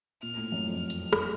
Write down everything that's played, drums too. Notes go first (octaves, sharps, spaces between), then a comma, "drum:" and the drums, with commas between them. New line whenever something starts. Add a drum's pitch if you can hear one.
A#2 F6
A2
F#2
F2
drum: hi-hat
drum: rim click